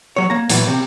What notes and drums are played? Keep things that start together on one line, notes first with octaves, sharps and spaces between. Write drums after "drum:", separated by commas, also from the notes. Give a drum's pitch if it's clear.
F#3 C#5
A#3 A#5
A#2 E3 F#3 B3, drum: hi-hat
C3